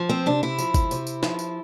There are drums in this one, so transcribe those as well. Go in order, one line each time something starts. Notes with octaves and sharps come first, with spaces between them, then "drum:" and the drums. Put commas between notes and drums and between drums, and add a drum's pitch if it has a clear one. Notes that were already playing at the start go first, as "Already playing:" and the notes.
Already playing: F3
C4
C3 D4
E4
F3, drum: tambourine
drum: kick, tambourine
C3, drum: tambourine
drum: tambourine
F3, drum: snare
drum: tambourine